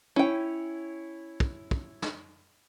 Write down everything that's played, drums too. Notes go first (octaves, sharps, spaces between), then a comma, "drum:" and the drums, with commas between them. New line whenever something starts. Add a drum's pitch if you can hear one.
C#4 E4 C#5 G5
drum: kick
drum: kick
drum: snare